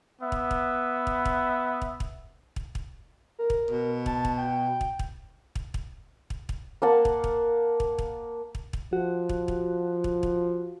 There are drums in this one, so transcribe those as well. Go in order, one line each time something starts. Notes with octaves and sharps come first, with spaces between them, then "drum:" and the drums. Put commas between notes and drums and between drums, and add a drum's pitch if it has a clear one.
B3 E5
drum: kick
drum: kick
drum: kick
drum: kick
drum: kick
drum: kick
drum: kick
drum: kick
A#4
drum: kick
B2
A5, drum: kick
drum: kick
G5
drum: kick
drum: kick
drum: kick
drum: kick
drum: kick
drum: kick
A#3 F5 F#5 A5
drum: kick
drum: kick
drum: kick
drum: kick
drum: kick
drum: kick
F3 F#4
drum: kick
drum: kick
drum: kick
drum: kick